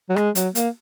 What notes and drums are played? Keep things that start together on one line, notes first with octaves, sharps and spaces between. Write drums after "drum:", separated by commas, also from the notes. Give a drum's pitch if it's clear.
F#3
G#3, drum: rim click
F#3, drum: hi-hat
A#3, drum: hi-hat